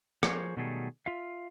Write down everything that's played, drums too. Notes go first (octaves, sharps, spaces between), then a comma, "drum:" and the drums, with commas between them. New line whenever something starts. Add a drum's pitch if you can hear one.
F3 G#4 A#4 C5 C#5, drum: rim click
B2 D#3 F#3 G3 A3 G#4
F4 E5 F5